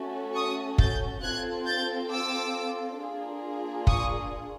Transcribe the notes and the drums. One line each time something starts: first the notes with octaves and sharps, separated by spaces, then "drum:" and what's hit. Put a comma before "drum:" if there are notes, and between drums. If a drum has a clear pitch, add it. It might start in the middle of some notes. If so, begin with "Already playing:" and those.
Already playing: A3 C#4 F#4 A4
C#6 D#6
G6 A6, drum: kick
C4 F4 A4 F#6 G#6
G6 A6
D6 E6
A#3 D4 F4 G#4
C#6 D#6, drum: kick